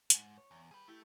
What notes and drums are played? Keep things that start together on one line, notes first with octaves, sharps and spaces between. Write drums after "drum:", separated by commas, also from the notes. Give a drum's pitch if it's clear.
C#2 G#2, drum: hi-hat
C#5
E2
G3 G#4 B4
A3 E4 G4